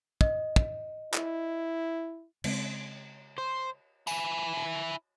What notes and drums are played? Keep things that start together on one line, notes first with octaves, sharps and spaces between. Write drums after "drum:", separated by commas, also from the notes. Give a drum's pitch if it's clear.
D#5, drum: kick
drum: kick
E4, drum: clap
C#3 G#3 C4, drum: cymbal
C5
E4 G#5, drum: tambourine